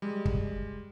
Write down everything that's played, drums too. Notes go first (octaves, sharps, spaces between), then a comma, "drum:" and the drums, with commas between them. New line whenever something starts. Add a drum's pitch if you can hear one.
G3 G#3
drum: kick